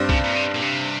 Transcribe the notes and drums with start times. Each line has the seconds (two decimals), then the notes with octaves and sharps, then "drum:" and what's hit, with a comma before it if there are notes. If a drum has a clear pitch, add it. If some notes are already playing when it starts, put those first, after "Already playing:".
Already playing: G2 G3 C4
0.09 C#3, drum: kick B1
0.24 A#2
0.35 C3
0.55 A#2
0.62 C3